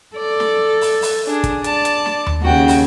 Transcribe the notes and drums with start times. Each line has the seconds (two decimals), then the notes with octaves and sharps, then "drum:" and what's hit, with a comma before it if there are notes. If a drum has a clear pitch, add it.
0.16 A4 D5
0.40 drum: snare
0.81 drum: open hi-hat
1.02 drum: open hi-hat
1.26 D4 G#4
1.44 drum: kick, hi-hat
1.64 D5 A5, drum: hi-hat
1.85 drum: hi-hat
2.06 drum: snare
2.26 drum: tom D#2
2.43 D#2 C#3 F#4 G5
2.68 drum: open hi-hat